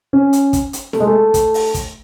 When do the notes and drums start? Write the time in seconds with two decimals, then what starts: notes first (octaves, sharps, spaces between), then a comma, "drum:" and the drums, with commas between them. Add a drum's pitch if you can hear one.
0.13 C#4
0.33 drum: hi-hat
0.53 drum: kick, hi-hat
0.73 drum: hi-hat
0.93 A3, drum: snare E4
1.00 G#3
1.07 A3
1.34 drum: kick, hi-hat
1.54 drum: open hi-hat
1.74 drum: kick, hi-hat